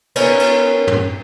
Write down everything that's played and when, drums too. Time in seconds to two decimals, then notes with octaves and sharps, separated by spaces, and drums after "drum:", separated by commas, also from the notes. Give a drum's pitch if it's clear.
0.16 B3 C#4 A#4 C#5, drum: cymbal
0.40 drum: cymbal
0.87 drum: tom